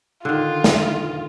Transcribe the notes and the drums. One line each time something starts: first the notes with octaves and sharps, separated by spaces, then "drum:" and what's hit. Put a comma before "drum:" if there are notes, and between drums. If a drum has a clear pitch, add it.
D3 D#3 F4
drum: snare